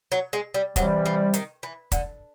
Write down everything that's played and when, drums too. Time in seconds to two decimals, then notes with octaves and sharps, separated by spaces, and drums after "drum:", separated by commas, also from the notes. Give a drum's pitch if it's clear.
0.12 F#3
0.33 G#3
0.54 G3
0.76 C3 E3 F#3 G3, drum: kick, hi-hat
1.06 F3
1.34 D#3, drum: hi-hat
1.63 E3
1.92 D3, drum: kick, hi-hat